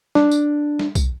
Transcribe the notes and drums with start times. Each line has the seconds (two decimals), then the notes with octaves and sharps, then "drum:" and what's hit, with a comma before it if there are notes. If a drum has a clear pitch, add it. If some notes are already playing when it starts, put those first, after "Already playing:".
0.15 D4, drum: snare
0.31 drum: tambourine
0.79 drum: snare
0.95 drum: kick, tambourine